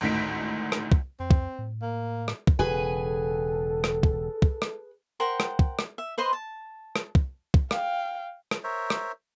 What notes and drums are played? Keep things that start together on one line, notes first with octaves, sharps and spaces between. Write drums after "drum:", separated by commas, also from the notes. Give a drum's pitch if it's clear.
G#1 D2 A2 D#3 B6 D7
drum: rim click
drum: kick
F2 C4
drum: kick
A2
A#3
drum: rim click
drum: kick
E1 C#3 G#4 A4 B4 G#5
drum: rim click
drum: kick
drum: kick
drum: rim click
A#4 C5 F#5 G5
drum: rim click
drum: kick
drum: rim click
E5
B4 C5 D#5 C6
A5
drum: rim click
drum: kick
drum: kick
F5 G5, drum: rim click
drum: rim click
A#4 C5 C#5 E5
drum: rim click